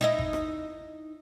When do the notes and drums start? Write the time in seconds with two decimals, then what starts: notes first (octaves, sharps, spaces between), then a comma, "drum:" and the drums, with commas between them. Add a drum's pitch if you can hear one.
0.01 D#4 E4 D#5
0.18 drum: kick G1
0.33 drum: rim click